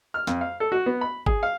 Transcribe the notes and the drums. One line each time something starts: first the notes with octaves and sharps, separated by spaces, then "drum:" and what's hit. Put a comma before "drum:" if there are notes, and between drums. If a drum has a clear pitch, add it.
F6
F2, drum: snare
F5
A4
F#4
B3
B5
G#4, drum: kick G#1
F5